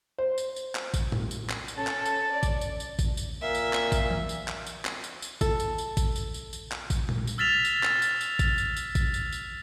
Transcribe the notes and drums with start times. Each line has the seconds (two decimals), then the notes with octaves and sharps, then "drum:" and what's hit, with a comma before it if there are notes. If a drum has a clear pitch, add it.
0.18 C5
0.38 drum: tambourine
0.56 drum: tambourine
0.75 drum: clap
0.94 drum: kick A1, tambourine
1.12 drum: tom
1.31 drum: tambourine
1.50 drum: clap
1.68 drum: tambourine
1.78 C#4 A4 A5
1.87 drum: clap
2.06 drum: tambourine
2.32 D5
2.43 drum: kick A1, tambourine
2.61 drum: tambourine
2.80 drum: tambourine
2.99 drum: kick A1, tambourine
3.17 drum: tambourine
3.42 A#2 E5
3.55 drum: tambourine
3.73 drum: clap
3.92 drum: kick A1, tambourine
4.11 drum: tom
4.29 drum: tambourine
4.48 drum: clap
4.66 drum: tambourine
4.85 drum: clap
5.04 drum: tambourine
5.22 drum: tambourine
5.41 A4, drum: kick A1, tambourine
5.60 drum: tambourine
5.78 drum: tambourine
5.97 drum: kick A1, tambourine
6.16 drum: tambourine
6.34 drum: tambourine
6.53 drum: tambourine
6.72 drum: clap
6.90 drum: kick A1, tambourine
7.09 drum: tom
7.27 drum: tambourine
7.38 E6 F6 A6 B6 E7 F7
7.65 drum: tambourine
7.83 drum: clap
8.02 drum: tambourine
8.21 drum: tambourine
8.39 drum: kick A1, tambourine
8.58 drum: tambourine
8.77 drum: tambourine
8.95 drum: kick A1, tambourine
9.14 drum: tambourine
9.33 drum: tambourine